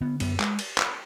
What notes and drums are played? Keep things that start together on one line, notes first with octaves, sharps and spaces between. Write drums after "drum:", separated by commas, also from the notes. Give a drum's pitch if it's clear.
D3 B3
F#2 B3, drum: cymbal
G#3, drum: clap
drum: cymbal
drum: clap